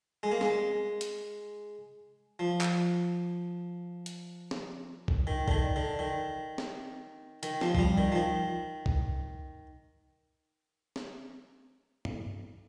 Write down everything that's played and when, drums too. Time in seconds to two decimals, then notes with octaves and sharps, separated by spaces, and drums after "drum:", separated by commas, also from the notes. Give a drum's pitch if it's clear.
0.23 G#3
0.32 A#3
0.41 G#3, drum: snare
1.01 drum: hi-hat
2.39 F3
2.61 drum: clap
4.06 drum: hi-hat
4.51 drum: snare
5.08 drum: kick
5.27 D#3
5.48 D3, drum: kick
5.51 D#3
5.76 D3
5.99 D#3
6.58 drum: snare
7.43 D#3, drum: hi-hat
7.61 F3, drum: snare
7.75 F3, drum: kick
7.79 G3
7.98 D#3
8.12 F3
8.15 D#3
8.86 drum: kick
10.96 drum: snare
12.05 drum: tom G2